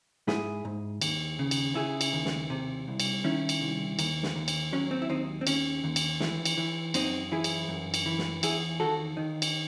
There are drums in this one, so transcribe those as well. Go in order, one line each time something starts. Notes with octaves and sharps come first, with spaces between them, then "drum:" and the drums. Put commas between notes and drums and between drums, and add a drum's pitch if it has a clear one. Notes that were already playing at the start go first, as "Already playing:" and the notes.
G#2 E4 G#4, drum: snare
G#2
D#2, drum: cymbal
C#3
drum: cymbal
C#3 E4 G#4
drum: cymbal
D#2
drum: snare
C3
C2
drum: cymbal
D#3 C#4 E4
drum: cymbal
C2
D#2, drum: cymbal
drum: snare
D#2
drum: cymbal
F#3 C#4
C4
E4
D#2 C4 D#4
C4
D#2 C#4, drum: cymbal
D#2
drum: cymbal
E3, drum: snare
drum: cymbal
E3
F#2 C4 D#4, drum: cymbal
E3 E4 G#4
drum: cymbal
F#2
drum: cymbal
E3
drum: snare
E2 E4 G#4, drum: cymbal
D#3 F#4 A4
D#3
drum: cymbal